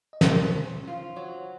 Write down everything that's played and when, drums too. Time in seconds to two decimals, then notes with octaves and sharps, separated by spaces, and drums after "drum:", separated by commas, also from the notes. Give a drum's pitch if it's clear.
0.13 D#5
0.21 C#5, drum: snare
0.28 C3 C5
0.57 C#4
0.87 F4
1.16 F#3 C#5